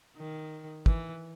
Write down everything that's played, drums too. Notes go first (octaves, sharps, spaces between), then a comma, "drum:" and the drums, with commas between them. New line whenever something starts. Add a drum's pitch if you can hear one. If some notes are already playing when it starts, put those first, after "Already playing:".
D#3
E3, drum: kick